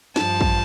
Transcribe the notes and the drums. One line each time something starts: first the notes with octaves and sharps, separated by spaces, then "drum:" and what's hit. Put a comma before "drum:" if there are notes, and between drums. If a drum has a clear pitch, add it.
G2 F3 A5, drum: snare
drum: kick